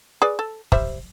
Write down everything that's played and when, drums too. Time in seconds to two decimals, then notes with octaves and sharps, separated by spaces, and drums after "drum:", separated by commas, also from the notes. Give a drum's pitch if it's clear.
0.22 G#4 B4 D5
0.39 A4
0.72 G3 C5 E5, drum: kick